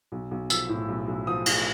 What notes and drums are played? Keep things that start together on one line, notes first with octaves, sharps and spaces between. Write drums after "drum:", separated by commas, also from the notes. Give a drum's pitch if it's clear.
B1
B1
F3 E6, drum: tambourine
A2
B1
B1
F3 D#6
A2, drum: cymbal